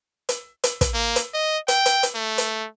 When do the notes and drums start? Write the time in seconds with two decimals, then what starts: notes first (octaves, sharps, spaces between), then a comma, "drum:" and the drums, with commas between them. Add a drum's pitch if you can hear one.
0.29 drum: hi-hat
0.64 drum: hi-hat
0.81 drum: kick, hi-hat
0.94 A#3
1.16 drum: hi-hat
1.34 D#5
1.68 G5, drum: hi-hat
1.86 drum: hi-hat
2.03 drum: hi-hat
2.15 A3
2.38 drum: hi-hat